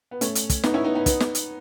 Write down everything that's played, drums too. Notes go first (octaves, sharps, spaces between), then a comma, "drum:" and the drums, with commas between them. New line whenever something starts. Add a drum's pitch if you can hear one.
B3
A3 C#4, drum: hi-hat
drum: hi-hat
drum: kick, hi-hat
B3 D#4, drum: snare
C#4 E4
B3 D#4
B3 D#4
B3 D#4, drum: kick, hi-hat
drum: snare
drum: hi-hat